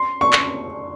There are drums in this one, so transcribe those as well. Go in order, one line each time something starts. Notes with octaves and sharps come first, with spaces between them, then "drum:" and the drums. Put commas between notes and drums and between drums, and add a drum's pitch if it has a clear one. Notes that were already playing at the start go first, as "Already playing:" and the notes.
Already playing: C6
C#6
drum: clap